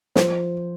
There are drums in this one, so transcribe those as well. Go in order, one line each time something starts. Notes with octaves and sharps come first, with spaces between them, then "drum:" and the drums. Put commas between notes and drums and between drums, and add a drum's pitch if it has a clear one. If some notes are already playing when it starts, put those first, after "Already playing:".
F3 C5, drum: snare